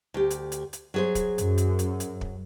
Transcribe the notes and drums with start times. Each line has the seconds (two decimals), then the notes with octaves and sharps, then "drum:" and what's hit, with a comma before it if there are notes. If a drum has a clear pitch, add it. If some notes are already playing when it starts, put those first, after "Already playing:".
0.14 D2 G4
0.30 drum: hi-hat
0.52 drum: hi-hat
0.73 drum: hi-hat
0.94 F#3 G#4 C5
1.15 drum: kick, hi-hat
1.38 F#2, drum: hi-hat
1.58 drum: hi-hat
1.79 drum: hi-hat
2.00 drum: hi-hat
2.21 drum: kick